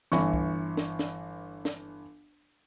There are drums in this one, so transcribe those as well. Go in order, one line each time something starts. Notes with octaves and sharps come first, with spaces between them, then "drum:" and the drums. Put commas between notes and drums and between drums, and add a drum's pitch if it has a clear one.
G1 E3 C#6, drum: snare
drum: kick C2
drum: snare
drum: snare
drum: snare